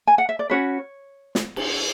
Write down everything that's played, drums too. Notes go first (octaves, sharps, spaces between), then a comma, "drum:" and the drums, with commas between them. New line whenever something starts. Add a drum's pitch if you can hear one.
G#5
F#5
E5
D5
C#4 F#4 B4 C#5
drum: snare
drum: cymbal